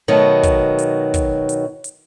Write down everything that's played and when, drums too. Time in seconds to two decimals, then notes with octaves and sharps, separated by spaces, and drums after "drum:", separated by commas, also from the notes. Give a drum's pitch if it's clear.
0.08 B2 D#3 F#3 A3
0.43 drum: kick, hi-hat
0.79 drum: hi-hat
1.14 drum: kick, hi-hat
1.49 drum: hi-hat
1.84 drum: hi-hat